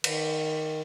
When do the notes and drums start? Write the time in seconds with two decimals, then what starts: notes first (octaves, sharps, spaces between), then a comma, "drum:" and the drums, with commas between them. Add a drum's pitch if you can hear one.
0.04 D#3, drum: cymbal